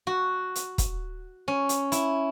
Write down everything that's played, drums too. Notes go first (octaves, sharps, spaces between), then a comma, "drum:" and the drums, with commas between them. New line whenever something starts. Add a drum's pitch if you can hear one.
F#4
drum: hi-hat
drum: kick, hi-hat
C#4
drum: hi-hat
E4, drum: hi-hat